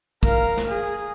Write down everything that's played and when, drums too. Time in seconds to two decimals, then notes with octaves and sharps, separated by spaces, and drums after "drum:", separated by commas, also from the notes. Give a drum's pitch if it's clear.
0.23 A#4 F5, drum: kick
0.57 drum: snare
0.69 G#4